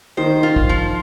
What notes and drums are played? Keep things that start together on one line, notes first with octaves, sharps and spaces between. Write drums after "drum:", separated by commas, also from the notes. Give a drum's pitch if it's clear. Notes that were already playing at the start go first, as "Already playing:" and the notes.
D#3 C5
F4
drum: kick
F3